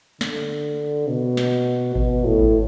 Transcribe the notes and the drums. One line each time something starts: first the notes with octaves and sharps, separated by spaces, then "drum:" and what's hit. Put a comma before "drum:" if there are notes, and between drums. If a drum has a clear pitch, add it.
D3, drum: snare
B2
drum: snare
B2, drum: kick G#1
A2
drum: kick G#1